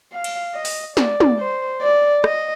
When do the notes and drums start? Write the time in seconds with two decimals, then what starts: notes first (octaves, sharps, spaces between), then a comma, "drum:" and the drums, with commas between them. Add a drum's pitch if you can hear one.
0.13 F5
0.24 drum: cymbal
0.55 D#5
0.65 drum: open hi-hat
0.97 D5, drum: snare
1.20 drum: tom
1.39 C5
1.82 D5
2.24 D#5, drum: rim click